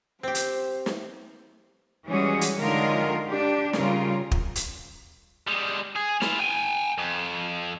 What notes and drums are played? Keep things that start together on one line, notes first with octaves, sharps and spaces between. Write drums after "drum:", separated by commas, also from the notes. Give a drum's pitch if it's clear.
C4 G4 C5
drum: hi-hat
drum: snare
E3 G3 G#3 C#4 F#4 G#4
drum: hi-hat
D3 D#3 F#3 G#3 F4 A#4
D4 G4
C#3 G3 F4 A#4, drum: snare
drum: kick
drum: hi-hat
G3 G#3
G#4
E4 F4, drum: snare
G5 G#5
F2